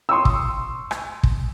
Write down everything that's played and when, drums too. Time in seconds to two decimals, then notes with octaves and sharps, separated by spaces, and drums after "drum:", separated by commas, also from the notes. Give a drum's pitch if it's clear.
0.09 C6 C#6 D#6 E6
0.25 drum: kick
0.91 drum: rim click
1.23 drum: kick